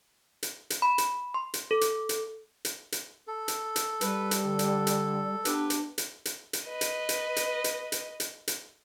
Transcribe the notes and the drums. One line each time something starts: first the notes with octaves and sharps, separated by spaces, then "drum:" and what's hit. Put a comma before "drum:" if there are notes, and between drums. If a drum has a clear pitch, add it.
drum: hi-hat
drum: hi-hat
B5
drum: hi-hat
C6
drum: hi-hat
A4
drum: hi-hat
drum: hi-hat
drum: hi-hat
drum: hi-hat
A4
drum: hi-hat
drum: hi-hat
G3 B4, drum: hi-hat
drum: hi-hat
D3
drum: hi-hat
drum: hi-hat
B3 D4 G4 B4, drum: hi-hat
drum: hi-hat
drum: hi-hat
drum: hi-hat
drum: hi-hat
B4 D#5
drum: hi-hat
drum: hi-hat
drum: hi-hat
drum: hi-hat
drum: hi-hat
drum: hi-hat
drum: hi-hat